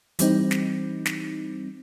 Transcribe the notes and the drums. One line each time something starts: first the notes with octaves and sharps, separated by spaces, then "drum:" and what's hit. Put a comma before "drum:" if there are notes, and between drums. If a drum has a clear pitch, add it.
E3 G3 C4 D#4, drum: hi-hat
drum: snare
drum: snare